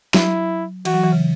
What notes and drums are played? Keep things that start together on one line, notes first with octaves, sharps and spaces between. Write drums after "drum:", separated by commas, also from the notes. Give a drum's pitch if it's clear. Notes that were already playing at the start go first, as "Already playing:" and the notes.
F#3 E4, drum: snare
E3 F#4, drum: cymbal
F#3
E3
C#3